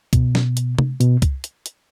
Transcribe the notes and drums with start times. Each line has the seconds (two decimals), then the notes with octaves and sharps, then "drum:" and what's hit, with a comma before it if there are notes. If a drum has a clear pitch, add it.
0.13 B2, drum: kick C2, hi-hat
0.35 drum: snare
0.57 drum: hi-hat
0.79 drum: tom C3
1.01 B2, drum: hi-hat
1.22 drum: kick C2, hi-hat
1.44 drum: hi-hat
1.66 drum: hi-hat